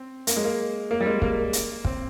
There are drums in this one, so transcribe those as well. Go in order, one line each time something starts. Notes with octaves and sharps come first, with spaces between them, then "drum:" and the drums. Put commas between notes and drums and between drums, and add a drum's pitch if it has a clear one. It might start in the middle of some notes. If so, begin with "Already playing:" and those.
Already playing: C4
A#3, drum: hi-hat
G#3
A#3
A#3
G3
G#3
A#3, drum: kick
drum: hi-hat
C4, drum: kick